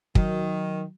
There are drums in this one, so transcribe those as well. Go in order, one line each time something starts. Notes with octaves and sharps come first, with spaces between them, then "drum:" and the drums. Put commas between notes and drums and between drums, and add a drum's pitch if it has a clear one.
D#3 F#3, drum: kick